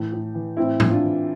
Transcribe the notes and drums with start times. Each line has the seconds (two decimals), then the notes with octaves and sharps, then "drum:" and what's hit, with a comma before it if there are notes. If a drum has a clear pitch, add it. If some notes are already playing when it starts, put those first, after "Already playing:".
Already playing: A2 E3
0.12 A2
0.34 E3
0.57 A2 C4 E4
0.80 A2, drum: tom A2
0.91 D4 F4
1.03 E3